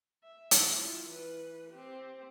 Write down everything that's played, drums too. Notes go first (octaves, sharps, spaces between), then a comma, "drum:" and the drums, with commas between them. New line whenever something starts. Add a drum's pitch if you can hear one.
E5
drum: hi-hat
E4 F4
E3 B4
C4 G4